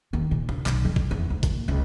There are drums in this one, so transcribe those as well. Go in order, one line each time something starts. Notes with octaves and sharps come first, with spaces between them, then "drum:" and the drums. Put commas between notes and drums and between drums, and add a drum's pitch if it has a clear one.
D#2
A#2
D#2, drum: tom C3
B1, drum: clap
F2
drum: kick
E2
D2
A#3, drum: kick, hi-hat
C#2